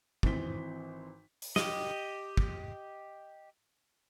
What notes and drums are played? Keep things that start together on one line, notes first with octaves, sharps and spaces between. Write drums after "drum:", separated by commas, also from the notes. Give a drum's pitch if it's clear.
G#1 E3 C4 B6 G7, drum: kick
drum: open hi-hat
G4 D#5, drum: snare
drum: kick